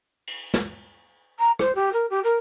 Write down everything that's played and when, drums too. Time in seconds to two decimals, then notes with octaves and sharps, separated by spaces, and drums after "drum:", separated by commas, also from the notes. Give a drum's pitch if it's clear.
0.27 drum: cymbal
0.54 drum: snare
1.39 A#5
1.59 C5, drum: rim click
1.75 G4
1.93 A#4
2.10 G4
2.24 A#4